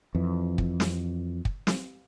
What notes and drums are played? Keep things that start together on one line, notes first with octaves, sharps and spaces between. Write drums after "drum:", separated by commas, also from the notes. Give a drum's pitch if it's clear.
F2 E3
drum: kick
drum: snare
drum: kick
drum: snare